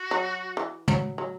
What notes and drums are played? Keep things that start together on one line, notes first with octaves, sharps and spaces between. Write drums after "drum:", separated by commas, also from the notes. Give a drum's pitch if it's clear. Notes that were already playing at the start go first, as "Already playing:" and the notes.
Already playing: F#4
F#3
E3
F#3, drum: tom
F#3